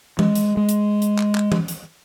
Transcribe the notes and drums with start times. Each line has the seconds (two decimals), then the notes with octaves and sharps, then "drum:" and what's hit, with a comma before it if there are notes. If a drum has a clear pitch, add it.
0.19 G#3, drum: tom E3
0.35 drum: hi-hat
0.57 G#3
0.69 drum: hi-hat
1.02 drum: hi-hat
1.18 drum: clap
1.35 drum: clap
1.52 drum: tom E3
1.68 drum: hi-hat